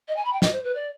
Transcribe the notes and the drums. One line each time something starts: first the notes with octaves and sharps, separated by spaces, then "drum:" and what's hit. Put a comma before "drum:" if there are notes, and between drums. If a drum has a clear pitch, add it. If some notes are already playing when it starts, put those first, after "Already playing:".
D#5
G#5
B5
G5
D#5, drum: snare
C5
B4
D5